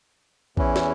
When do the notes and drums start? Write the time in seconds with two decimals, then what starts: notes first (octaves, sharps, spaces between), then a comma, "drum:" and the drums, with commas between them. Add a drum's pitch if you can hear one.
0.57 E2 E3 C#4 E4, drum: kick A#1
0.76 drum: snare